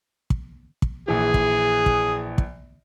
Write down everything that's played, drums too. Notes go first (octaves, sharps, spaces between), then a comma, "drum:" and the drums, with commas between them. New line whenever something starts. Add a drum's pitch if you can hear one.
drum: kick
drum: kick
A#1 E3 G#4
drum: kick
drum: kick
drum: kick